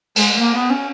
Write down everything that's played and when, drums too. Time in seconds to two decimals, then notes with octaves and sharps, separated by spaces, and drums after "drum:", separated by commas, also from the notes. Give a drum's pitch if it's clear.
0.16 G#3, drum: cymbal
0.33 G#3
0.38 A#3
0.54 B3
0.70 C#4